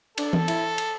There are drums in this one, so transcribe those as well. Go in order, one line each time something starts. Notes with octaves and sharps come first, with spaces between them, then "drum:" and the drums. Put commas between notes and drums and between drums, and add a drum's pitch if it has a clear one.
D4 A4, drum: cymbal
drum: tom E3
E4, drum: cymbal
drum: cymbal